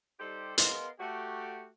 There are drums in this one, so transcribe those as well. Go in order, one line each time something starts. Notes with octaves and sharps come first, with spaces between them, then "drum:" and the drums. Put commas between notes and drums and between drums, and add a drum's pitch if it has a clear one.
G3 D#4 G4 A4 C5
B3 G#4 A#4 D#5 F5 C6, drum: hi-hat
A3 F#4 G4